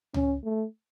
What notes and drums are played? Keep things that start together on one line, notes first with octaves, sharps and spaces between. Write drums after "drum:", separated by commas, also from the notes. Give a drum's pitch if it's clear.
C#4, drum: tom C#2
A3